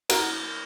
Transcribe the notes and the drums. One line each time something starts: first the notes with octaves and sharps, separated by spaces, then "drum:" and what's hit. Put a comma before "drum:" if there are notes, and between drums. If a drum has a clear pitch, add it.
F#4 A#4, drum: cymbal